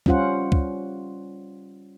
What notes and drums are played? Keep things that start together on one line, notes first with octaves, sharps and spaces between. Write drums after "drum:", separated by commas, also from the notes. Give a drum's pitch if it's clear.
G3 C#4 F4 C5 F#5, drum: kick
drum: kick